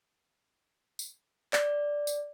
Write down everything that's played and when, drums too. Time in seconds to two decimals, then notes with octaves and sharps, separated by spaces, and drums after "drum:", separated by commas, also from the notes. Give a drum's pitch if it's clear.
0.99 drum: tambourine
1.53 D5, drum: clap
2.07 drum: tambourine